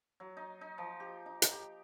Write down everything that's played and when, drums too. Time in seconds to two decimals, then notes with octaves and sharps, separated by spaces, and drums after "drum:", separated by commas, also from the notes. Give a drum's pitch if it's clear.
0.20 F#3
0.37 D#4
0.61 D#4
0.78 F3
1.00 G4
1.26 D#4
1.42 drum: hi-hat
1.53 G4